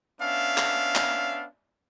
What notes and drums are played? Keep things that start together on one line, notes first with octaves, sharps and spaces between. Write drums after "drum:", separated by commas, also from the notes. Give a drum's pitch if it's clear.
B3 C#4 D4 E5 F5
drum: clap
drum: clap